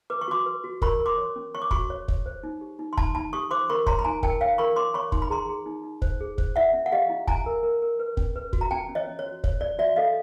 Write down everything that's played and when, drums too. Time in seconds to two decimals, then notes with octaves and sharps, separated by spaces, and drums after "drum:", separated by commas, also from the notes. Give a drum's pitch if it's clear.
0.10 B4 D6
0.21 C#6
0.28 F#4 C6 D6
0.46 B4
0.64 F#4
0.82 A#4 B5 C#6, drum: kick
1.00 A#4
1.06 C6 D6
1.18 C#5
1.36 C#4
1.55 C#5 C#6
1.62 D6
1.71 F#4 B5 C#6, drum: kick
1.90 C#5
2.08 C#5, drum: kick
2.26 C5
2.43 D#4
2.61 G4
2.79 D#4
2.93 C6
2.97 D#4 A5 B5, drum: kick
3.15 D#4 A5 B5
3.33 G4 C#6 D#6
3.51 C5 C6 D6
3.70 A#4 B5 C#6
3.87 C#5 A#5 C6, drum: kick
3.99 B5
4.04 D#4 G#5 A#5
4.23 A#4 G5 A5, drum: kick
4.41 C#5 F5 G5
4.58 A#4 B5 C#6
4.76 C#5 C6 D6
4.94 C#5 B5 C#6
5.12 D#4 C6, drum: kick
5.22 B5
5.30 G#4 A#5 C6
5.49 G#4
5.66 D#4
5.84 D#4
6.02 C5, drum: kick
6.21 G#4
6.38 C5, drum: kick
6.56 E4 E5 F#5
6.73 C#4
6.86 F#5
6.92 G4 D#5 F5
7.09 E4
7.28 E4 G#5 A#5, drum: kick
7.46 A#4
7.63 A#4
7.82 A#4
7.99 B4
8.17 C#4, drum: kick
8.36 B4
8.53 F#4, drum: kick
8.61 A#5
8.71 C#4 G5 A5
8.89 C#4
8.95 C#5 D#5
9.07 C#4
9.19 C#5
9.26 F#4
9.44 C#5, drum: kick
9.61 C#5 D5
9.79 F#4 D5 E5
9.96 A4 D#5 F5